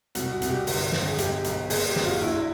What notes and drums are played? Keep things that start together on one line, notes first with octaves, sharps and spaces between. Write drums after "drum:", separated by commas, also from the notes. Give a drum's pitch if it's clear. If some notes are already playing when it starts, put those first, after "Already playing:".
C2 F#4, drum: hi-hat
F#4
C2, drum: hi-hat
G4
G1, drum: open hi-hat
G1, drum: snare
G#4
B1 G4, drum: hi-hat
B1, drum: hi-hat
F#1 G#4, drum: open hi-hat
G4
F#1 F#4, drum: snare
F4
A#1 E4